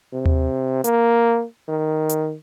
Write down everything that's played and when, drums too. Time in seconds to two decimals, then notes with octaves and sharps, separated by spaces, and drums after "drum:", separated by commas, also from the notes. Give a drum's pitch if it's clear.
0.13 C3
0.26 drum: tom D#2
0.84 A#3, drum: hi-hat
1.69 D#3
2.09 drum: hi-hat